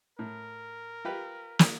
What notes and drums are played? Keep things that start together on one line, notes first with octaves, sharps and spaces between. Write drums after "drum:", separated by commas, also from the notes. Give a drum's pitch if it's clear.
A2 A#4
F4 G4 B4
drum: snare